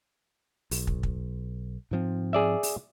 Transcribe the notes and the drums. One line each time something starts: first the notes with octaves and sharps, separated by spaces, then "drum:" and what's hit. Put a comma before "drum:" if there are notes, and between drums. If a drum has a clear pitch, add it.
B1, drum: open hi-hat
drum: kick
drum: kick
G#2 F3 C4
G#4 D5 E5
drum: open hi-hat